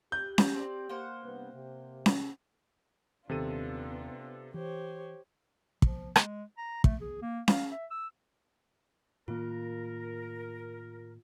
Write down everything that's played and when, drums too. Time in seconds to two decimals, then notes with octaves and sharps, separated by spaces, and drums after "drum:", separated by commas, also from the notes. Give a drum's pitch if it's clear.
0.12 G4 B4 G6
0.38 drum: snare C#4
0.55 C4 D5
0.89 A#3 C5 F#5
1.23 G2 C3 B3
1.53 C3
2.06 drum: snare C#4
3.30 D#1 C3 D#3 B3 D4 F4 A4 D#7
4.54 E3 G4 C5 C#5
5.82 F3, drum: kick
6.16 G#3, drum: rim click
6.58 A#5
6.84 A3, drum: kick
7.01 G#4
7.22 A#3
7.48 F5, drum: snare C#4
7.72 E5
7.91 E6
9.28 A2 D#3 A#3 F4 A#4